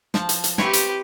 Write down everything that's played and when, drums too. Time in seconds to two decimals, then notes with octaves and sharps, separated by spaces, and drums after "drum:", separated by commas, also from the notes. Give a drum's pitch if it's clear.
0.14 F3 A5, drum: snare
0.29 drum: hi-hat
0.44 drum: hi-hat
0.58 C4 E4 G4 B4 C#5, drum: snare
0.73 drum: hi-hat